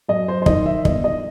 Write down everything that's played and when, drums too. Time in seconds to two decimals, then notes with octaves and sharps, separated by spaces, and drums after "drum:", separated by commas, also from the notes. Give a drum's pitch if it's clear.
0.08 F#2 D#5
0.28 C5
0.42 C5
0.46 D#3 D#5, drum: kick
0.65 E5
0.85 G1 D#5, drum: kick
1.04 D#5